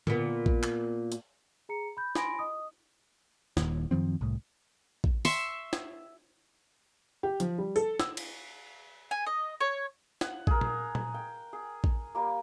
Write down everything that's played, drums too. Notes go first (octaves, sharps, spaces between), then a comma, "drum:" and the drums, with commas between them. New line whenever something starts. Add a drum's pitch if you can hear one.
A#2 B3, drum: tom D3
drum: kick A1
drum: clap
drum: hi-hat
G#4 A#5 C#7
B5 G6
G#5 B5 C6 A#6 D7, drum: snare
D#5 D#6
D#1 D#2, drum: snare
F#2 D#3 F3 C4
C2 A2
drum: kick A1
E5 C6 C#6, drum: open hi-hat
drum: snare
G4
F3, drum: hi-hat
G3
A4, drum: tambourine
E6, drum: snare
drum: cymbal
G#5
D#5
C#5
F#5, drum: snare
G#4 A#4, drum: kick A1
drum: tom A#2
drum: tom A#2
G5
G#4
drum: kick A1
G3 A#3